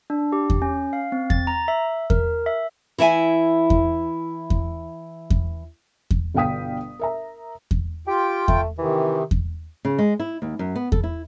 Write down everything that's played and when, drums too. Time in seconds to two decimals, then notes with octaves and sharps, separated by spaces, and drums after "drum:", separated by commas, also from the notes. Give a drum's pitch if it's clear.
0.10 D4
0.33 G4
0.50 drum: kick E2
0.62 C#4
0.93 F5
1.12 C4
1.30 A6, drum: kick E2
1.47 A#5
1.68 E5
2.10 A#4, drum: kick E2
2.46 E5
2.98 E3 E4 E5 G#5
3.70 drum: kick E2
4.50 drum: kick E2
5.30 drum: kick E2
6.11 drum: kick E2
6.34 G1 B2 F5 G5 D#6 B6
6.99 A#4 E5 A#5
7.71 drum: kick E2
8.07 F4 G4 G5
8.48 A3, drum: kick E2
8.78 C3 D#3 E3
9.31 drum: kick E2
9.85 C#3
9.99 G#3
10.20 E4
10.42 D#2
10.59 F#2
10.76 B3
10.92 A4, drum: kick E2
11.04 E4